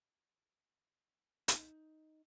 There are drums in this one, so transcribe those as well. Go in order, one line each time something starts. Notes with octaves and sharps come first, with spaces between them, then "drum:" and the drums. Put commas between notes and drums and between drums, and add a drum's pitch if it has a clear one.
D#4, drum: hi-hat